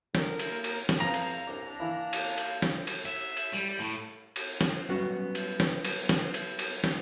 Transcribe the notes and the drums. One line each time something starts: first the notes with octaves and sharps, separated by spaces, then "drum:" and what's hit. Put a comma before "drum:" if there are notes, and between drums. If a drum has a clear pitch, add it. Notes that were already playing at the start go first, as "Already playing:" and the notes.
D3 A#4, drum: snare
drum: cymbal
A#3
drum: cymbal
drum: snare
F2 B2 F5 A#5
drum: cymbal
C2 D4
D4
E3 A#3 E4
drum: cymbal
drum: cymbal
drum: snare
drum: cymbal
E5
drum: cymbal
G3
A2
drum: cymbal
drum: snare
F#3 G3 B3 C#4 F#4
drum: cymbal
drum: snare
drum: cymbal
drum: snare
drum: cymbal
drum: cymbal
drum: snare